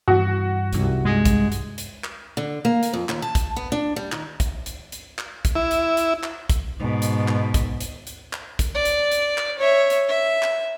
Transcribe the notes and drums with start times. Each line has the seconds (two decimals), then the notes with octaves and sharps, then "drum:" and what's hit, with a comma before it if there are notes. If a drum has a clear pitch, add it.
0.08 G2 E3 F#4
0.73 C2 D#4, drum: hi-hat
1.05 G2 G#3
1.25 drum: kick, hi-hat
1.52 drum: hi-hat
1.78 drum: hi-hat
2.04 drum: clap
2.37 D3
2.65 A#3
2.83 drum: hi-hat
2.93 F2
3.09 D#2, drum: clap
3.22 A5
3.35 drum: kick, hi-hat
3.56 B3
3.72 D4
3.96 G3
4.12 D#3, drum: clap
4.40 drum: kick, hi-hat
4.66 drum: hi-hat
4.92 drum: hi-hat
5.19 drum: clap
5.45 drum: kick, hi-hat
5.55 E4
5.71 drum: hi-hat
5.97 drum: hi-hat
6.23 drum: clap
6.50 drum: kick, hi-hat
6.80 G#2 B2
7.02 drum: hi-hat
7.28 drum: clap
7.54 drum: kick, hi-hat
7.81 drum: hi-hat
8.07 drum: hi-hat
8.33 drum: clap
8.59 drum: kick, hi-hat
8.75 D5
8.85 drum: hi-hat
9.12 drum: hi-hat
9.38 drum: clap
9.59 C#5 E5
9.90 drum: hi-hat
10.09 E5
10.43 drum: clap